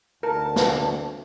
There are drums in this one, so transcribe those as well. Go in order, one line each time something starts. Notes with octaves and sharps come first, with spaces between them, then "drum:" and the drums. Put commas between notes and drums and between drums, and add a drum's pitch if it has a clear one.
D2 A#4 A5
drum: snare